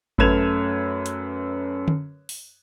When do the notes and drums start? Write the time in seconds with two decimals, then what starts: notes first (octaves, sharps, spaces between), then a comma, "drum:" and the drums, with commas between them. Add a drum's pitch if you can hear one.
0.18 F#2 A3 B4 G#6 E7 F7, drum: kick G#1
1.06 drum: hi-hat
1.88 drum: tom D3
2.29 drum: open hi-hat